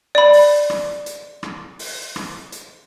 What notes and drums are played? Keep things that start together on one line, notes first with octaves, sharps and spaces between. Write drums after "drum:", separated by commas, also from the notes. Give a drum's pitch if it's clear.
D5 B5
drum: open hi-hat
drum: rim click
drum: hi-hat
drum: rim click
drum: open hi-hat
drum: rim click
drum: hi-hat